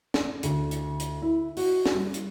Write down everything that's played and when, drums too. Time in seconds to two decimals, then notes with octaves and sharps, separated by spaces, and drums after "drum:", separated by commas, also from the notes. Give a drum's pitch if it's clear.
0.14 D5, drum: snare
0.43 D2, drum: hi-hat
0.71 drum: hi-hat
1.00 drum: hi-hat
1.22 E4
1.57 F#4, drum: open hi-hat
1.86 drum: snare
1.95 G3
2.14 drum: hi-hat